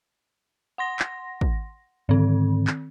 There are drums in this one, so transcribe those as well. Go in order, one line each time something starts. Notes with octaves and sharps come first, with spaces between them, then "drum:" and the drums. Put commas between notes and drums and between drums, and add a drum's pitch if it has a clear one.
F#5 C6 A#6
drum: clap
drum: kick
G#2 D3 D#3 C4
drum: clap